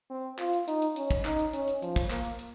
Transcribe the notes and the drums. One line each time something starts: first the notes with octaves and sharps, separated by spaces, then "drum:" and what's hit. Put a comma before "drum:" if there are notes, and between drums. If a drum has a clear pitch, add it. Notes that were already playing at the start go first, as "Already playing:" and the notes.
C4
F4, drum: clap
drum: hi-hat
D#4, drum: hi-hat
drum: hi-hat
C#4, drum: hi-hat
drum: kick, hi-hat
D#4, drum: clap
drum: hi-hat
C#4, drum: hi-hat
drum: hi-hat
F3, drum: hi-hat
drum: kick, hi-hat
A#3, drum: clap
drum: hi-hat
drum: hi-hat